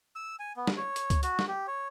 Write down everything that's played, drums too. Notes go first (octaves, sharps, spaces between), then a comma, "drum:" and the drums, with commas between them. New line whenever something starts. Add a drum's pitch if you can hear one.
E6
G#5
B3
drum: snare
C#5
drum: hi-hat
drum: kick C#2, hi-hat
F#4, drum: hi-hat
drum: snare
G4
C#5